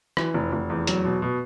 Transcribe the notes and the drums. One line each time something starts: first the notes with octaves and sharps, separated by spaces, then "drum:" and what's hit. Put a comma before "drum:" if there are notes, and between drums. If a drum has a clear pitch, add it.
E3, drum: rim click
F1
F1
E2
F#3, drum: hi-hat
B2
B2